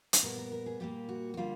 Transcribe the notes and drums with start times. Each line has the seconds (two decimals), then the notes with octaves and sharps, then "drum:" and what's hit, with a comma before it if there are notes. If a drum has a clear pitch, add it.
0.13 drum: hi-hat
0.23 A#2 G3 B3 A#4
0.38 A#4
0.52 A#4
0.66 G#4
0.80 A#2 G3 A#3 G4
1.09 F#4
1.34 F#4
1.37 D3 G3 A#3 F4